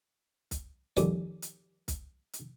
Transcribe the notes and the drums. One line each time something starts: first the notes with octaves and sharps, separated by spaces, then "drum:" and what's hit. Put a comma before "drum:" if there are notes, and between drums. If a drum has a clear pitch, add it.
drum: kick, hi-hat
F2 A#2 D#3 G3 C#4, drum: hi-hat
drum: hi-hat
drum: kick, hi-hat
drum: hi-hat